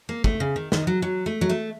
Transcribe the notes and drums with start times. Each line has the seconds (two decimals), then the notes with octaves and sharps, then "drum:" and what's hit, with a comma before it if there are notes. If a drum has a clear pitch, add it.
0.09 A#3
0.24 A3, drum: kick
0.40 C#3
0.56 D#3
0.72 D#3, drum: snare
0.87 F#3
1.02 F#3
1.26 A3
1.41 F#3
1.49 A3